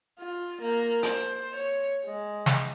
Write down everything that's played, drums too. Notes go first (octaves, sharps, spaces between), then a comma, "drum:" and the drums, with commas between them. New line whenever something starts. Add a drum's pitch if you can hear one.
F4
A#3
C5, drum: hi-hat
C#5
G#3
drum: snare